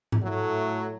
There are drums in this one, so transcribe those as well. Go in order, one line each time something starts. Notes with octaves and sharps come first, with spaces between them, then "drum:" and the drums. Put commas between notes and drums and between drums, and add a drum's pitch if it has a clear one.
drum: tom G#2
A2 F#3 A3